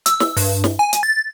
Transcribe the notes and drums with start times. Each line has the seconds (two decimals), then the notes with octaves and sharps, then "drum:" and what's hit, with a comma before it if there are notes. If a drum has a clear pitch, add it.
0.06 E6, drum: hi-hat
0.20 drum: snare
0.37 G2, drum: open hi-hat
0.64 drum: snare
0.79 G#5
0.93 drum: hi-hat
1.03 A6